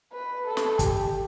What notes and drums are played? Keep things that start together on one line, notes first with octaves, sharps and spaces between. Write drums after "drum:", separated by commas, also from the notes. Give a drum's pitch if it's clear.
B4
A4
drum: snare
G4, drum: kick, hi-hat